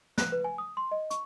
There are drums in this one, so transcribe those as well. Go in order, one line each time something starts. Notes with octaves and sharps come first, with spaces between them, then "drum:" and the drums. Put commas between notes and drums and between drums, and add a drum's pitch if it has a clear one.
F#6, drum: snare
B4
G#5
D#6
C6
D#5
C#6, drum: hi-hat